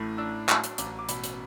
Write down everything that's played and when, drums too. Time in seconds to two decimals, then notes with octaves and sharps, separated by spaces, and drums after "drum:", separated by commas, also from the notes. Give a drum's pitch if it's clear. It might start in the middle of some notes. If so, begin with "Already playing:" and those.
Already playing: A1 A2
0.18 D4 E6
0.49 F#3 E6, drum: clap
0.64 drum: hi-hat
0.78 A1 D6, drum: hi-hat
0.99 D6
1.09 B2 B5, drum: hi-hat
1.24 drum: hi-hat